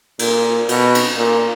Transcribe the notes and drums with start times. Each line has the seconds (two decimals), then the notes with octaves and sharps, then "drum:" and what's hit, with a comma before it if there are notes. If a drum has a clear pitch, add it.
0.19 A#2, drum: cymbal
0.69 B2, drum: cymbal
0.95 drum: cymbal
1.17 A#2